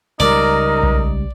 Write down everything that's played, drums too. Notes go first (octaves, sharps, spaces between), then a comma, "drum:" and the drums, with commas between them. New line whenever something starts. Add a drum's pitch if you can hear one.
C#2 G3 D#4 A#4 D5
drum: kick B1